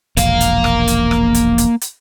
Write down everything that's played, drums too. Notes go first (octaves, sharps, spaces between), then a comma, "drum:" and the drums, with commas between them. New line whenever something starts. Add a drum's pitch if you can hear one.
E1 A#1 A#3 F5, drum: hi-hat
drum: hi-hat
drum: rim click
drum: hi-hat
drum: rim click
drum: hi-hat
drum: hi-hat
drum: hi-hat